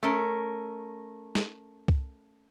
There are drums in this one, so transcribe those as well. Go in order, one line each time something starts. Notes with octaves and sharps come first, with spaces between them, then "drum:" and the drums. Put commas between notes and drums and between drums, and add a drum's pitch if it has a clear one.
A3 C#4 A#4
drum: snare
drum: kick C2